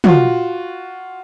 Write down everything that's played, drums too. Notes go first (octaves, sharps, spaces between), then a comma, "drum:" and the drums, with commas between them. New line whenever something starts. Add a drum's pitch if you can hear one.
F4 F#4, drum: tom